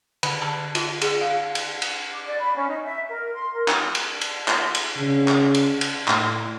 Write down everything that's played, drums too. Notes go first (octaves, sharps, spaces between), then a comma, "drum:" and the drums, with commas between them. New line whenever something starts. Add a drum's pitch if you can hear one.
D3, drum: cymbal
A5
F4, drum: cymbal
G#4, drum: cymbal
F5
drum: cymbal
drum: cymbal
D6
D5
B5
C#4
D#4
E5
A#4
C6
A#4
drum: clap
drum: cymbal
drum: cymbal
drum: clap
drum: cymbal
C#3
drum: clap
drum: cymbal
drum: cymbal
A2, drum: clap